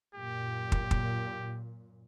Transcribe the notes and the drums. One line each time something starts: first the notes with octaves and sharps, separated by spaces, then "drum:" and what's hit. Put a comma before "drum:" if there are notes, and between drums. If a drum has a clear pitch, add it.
F#2 A#2 G4
drum: kick
drum: kick